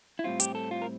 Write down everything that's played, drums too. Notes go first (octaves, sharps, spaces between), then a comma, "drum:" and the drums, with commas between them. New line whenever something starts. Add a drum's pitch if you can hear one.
E4
A2 G3 C4 F4
G4, drum: hi-hat
A4
F4
A#4